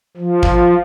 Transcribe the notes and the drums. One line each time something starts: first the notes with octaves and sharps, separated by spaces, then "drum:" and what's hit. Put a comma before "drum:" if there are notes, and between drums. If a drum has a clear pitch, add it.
F3
drum: kick